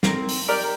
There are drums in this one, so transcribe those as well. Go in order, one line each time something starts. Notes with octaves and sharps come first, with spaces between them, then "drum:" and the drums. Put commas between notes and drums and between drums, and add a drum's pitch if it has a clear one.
C4 A#4, drum: snare
drum: open hi-hat
D#4 G4 A#4 D5